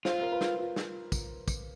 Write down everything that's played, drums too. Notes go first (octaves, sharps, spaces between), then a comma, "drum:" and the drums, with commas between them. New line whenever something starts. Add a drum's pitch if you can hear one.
F4 C5, drum: snare
A#4
B4
drum: snare
F4
drum: snare
drum: kick, tambourine
drum: kick, tambourine